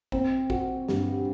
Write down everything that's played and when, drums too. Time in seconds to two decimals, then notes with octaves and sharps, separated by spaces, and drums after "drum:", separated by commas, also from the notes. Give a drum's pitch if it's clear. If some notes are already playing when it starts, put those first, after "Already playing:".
0.12 C4, drum: kick G#1
0.50 F#4, drum: kick G#1
0.88 G2, drum: snare